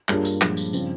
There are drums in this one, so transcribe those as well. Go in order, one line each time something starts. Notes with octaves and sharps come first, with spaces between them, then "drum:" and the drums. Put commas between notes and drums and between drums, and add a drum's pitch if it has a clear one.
G2 A#3 F4 G#4 C#5, drum: clap
drum: tambourine
A#2 F3 G#3, drum: clap
drum: tambourine
C#3 F3 C4, drum: tambourine